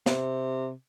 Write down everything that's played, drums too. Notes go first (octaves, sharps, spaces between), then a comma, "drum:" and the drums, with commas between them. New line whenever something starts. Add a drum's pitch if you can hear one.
C3, drum: snare